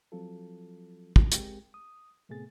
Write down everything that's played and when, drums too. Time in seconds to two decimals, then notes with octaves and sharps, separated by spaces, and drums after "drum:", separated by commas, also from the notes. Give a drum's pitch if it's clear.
0.12 F3 F#3 C4 F4 A4
1.16 G#3 A3 F4, drum: kick
1.32 G#3 C4 G4 G#4 A#4 G5, drum: hi-hat
1.74 D#6
2.29 A2 C3 A3 B3 G#4 A6